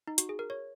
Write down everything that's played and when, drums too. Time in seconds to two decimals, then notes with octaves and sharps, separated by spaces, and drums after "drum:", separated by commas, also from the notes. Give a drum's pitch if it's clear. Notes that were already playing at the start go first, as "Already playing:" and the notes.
0.07 D#4
0.18 F#4, drum: hi-hat
0.29 G#4
0.39 A#4
0.50 C#5